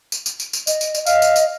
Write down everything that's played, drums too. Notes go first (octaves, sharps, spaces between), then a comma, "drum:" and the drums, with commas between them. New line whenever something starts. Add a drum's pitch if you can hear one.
drum: tambourine
drum: tambourine
drum: tambourine
drum: tambourine
D#5, drum: tambourine
drum: tambourine
drum: tambourine
D#5 F5, drum: tambourine
drum: tambourine
drum: tambourine